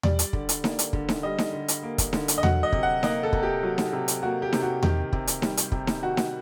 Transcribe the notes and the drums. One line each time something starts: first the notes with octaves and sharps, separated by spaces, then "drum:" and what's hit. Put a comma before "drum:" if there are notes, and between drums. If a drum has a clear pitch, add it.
G3 D5, drum: tom E2
drum: hi-hat
D3, drum: kick
drum: hi-hat
A#3, drum: snare D#4
drum: hi-hat
D3, drum: kick
drum: snare D#4
G3 D#5
drum: snare D#4
D3
drum: hi-hat
A#3
drum: kick, hi-hat
D3, drum: snare D#4
drum: hi-hat
D#5
F#3 F#5, drum: tom E2
D#5
C3, drum: kick
F#5
A#3 D#5, drum: snare D#4
A4
C3, drum: kick
G4
F#3
drum: snare D#4
C3
drum: hi-hat
A#3 F#4
G4
C3, drum: snare D#4
F#4
D#3 G4, drum: tom E2
C3, drum: kick
drum: hi-hat
G3, drum: snare D#4
drum: hi-hat
C3, drum: kick
drum: snare D#4
D#3 F#4
drum: snare D#4